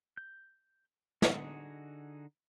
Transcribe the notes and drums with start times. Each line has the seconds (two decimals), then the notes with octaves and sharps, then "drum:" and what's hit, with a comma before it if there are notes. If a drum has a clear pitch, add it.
0.17 G6
1.22 D3 D#4 F#4 G#4 D#6, drum: snare